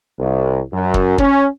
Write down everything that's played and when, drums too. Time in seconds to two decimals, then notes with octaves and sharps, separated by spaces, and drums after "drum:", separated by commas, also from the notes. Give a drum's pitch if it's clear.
0.20 C2
0.72 F#2
0.94 drum: kick
1.18 C#4, drum: kick